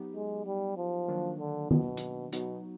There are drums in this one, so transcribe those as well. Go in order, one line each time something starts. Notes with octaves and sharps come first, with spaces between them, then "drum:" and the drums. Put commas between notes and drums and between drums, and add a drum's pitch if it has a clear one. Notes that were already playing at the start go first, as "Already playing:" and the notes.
Already playing: F#3 B3 D#4 G4
G#3
G3
F3
D#3 F#3 A#3 D4
D3
B2, drum: tom D#3
drum: hi-hat
B2 F#3 B3 D#4 F#4, drum: hi-hat